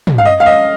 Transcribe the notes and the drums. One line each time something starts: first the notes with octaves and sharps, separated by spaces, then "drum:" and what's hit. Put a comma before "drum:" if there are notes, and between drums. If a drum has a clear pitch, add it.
drum: tom
F5
D#5
F5
D#5